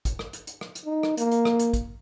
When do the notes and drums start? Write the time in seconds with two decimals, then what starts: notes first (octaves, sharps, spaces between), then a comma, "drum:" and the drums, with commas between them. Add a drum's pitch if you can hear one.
0.05 drum: kick, hi-hat
0.19 drum: rim click
0.33 drum: hi-hat
0.47 drum: hi-hat
0.61 drum: rim click
0.75 drum: hi-hat
0.86 D#4
1.03 drum: rim click
1.17 A#3, drum: hi-hat
1.31 drum: hi-hat
1.45 drum: rim click
1.59 drum: hi-hat
1.73 drum: kick, hi-hat